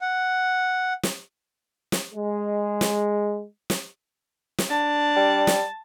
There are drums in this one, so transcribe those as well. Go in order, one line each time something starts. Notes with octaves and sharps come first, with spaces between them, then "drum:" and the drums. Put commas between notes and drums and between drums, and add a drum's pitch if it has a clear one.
F#5
drum: snare
drum: snare
G#3
drum: snare
drum: snare
drum: snare
D4 A5
G3
drum: snare